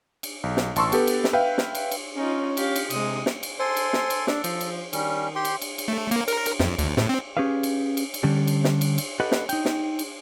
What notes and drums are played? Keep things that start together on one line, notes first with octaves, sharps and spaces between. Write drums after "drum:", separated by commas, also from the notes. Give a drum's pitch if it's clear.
drum: cymbal
B1
drum: snare
A1 A5 C6 C#6 E6, drum: cymbal
B3 G4 A4 B4, drum: cymbal
drum: cymbal
drum: snare
B4 E5 F5 G5 G6
drum: snare
drum: cymbal
drum: cymbal
C#4 D#4 F4
G4 F5, drum: cymbal
drum: cymbal
C3 G#3 D#6, drum: cymbal
drum: snare
drum: cymbal
A4 C5 G#5 C6
drum: cymbal
drum: snare
drum: cymbal
D4 A4, drum: snare
F3, drum: cymbal
drum: cymbal
D#3 G3 C#4, drum: cymbal
G4 G5 C6
drum: cymbal
drum: cymbal
drum: cymbal
A3
A#3, drum: cymbal
A#4, drum: cymbal
drum: cymbal
F2, drum: snare
D2, drum: cymbal
A2, drum: snare
C4
C#4 G4 G#4 B4 F5
drum: cymbal
drum: cymbal
drum: cymbal
D3 G3 C#4 D4 G4
drum: cymbal
drum: snare
drum: cymbal
drum: cymbal
G4 A4 B4 D#5 F#5
drum: snare
D#4 G5, drum: cymbal
drum: snare
drum: cymbal